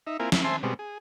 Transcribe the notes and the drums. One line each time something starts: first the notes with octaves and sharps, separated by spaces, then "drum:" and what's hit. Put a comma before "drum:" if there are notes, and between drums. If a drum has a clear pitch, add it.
D#4 E5
A#3 C4 E4 F4 A#4 G#5
E4, drum: snare
C5 E5 G#5 A5 C6
B2 G3 G#3 C4
G#4